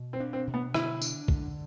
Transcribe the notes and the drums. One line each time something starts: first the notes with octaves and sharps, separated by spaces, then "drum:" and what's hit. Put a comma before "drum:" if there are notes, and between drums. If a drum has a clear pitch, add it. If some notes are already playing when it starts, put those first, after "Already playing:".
Already playing: B2
C4
D4
C4
B2
B3
D3 E4, drum: rim click
D4, drum: tambourine
D3, drum: kick